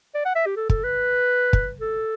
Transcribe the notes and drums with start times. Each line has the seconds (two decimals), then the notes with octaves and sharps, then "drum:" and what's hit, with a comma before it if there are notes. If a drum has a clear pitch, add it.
0.14 D5
0.25 F#5
0.35 E5
0.46 G4
0.56 A4
0.69 A4, drum: kick
0.84 B4
1.53 drum: kick
1.80 A4